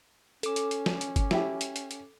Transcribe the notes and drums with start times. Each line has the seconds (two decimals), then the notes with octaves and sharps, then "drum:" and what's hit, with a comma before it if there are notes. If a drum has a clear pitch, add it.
0.43 C#4 A4 D6, drum: hi-hat
0.56 drum: hi-hat
0.71 drum: hi-hat
0.86 drum: snare
1.01 drum: hi-hat
1.16 drum: kick G1, hi-hat
1.31 E4 G4, drum: snare
1.61 drum: hi-hat
1.76 drum: hi-hat
1.91 drum: hi-hat